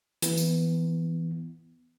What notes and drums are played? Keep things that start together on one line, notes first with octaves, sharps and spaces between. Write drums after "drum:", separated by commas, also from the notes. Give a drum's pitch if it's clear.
E3 B3, drum: hi-hat
drum: tambourine